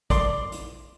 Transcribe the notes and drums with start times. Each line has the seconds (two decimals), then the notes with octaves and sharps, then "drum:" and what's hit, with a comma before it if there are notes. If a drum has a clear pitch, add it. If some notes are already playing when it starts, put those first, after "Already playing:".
0.10 D5 C6, drum: kick, hi-hat
0.52 drum: hi-hat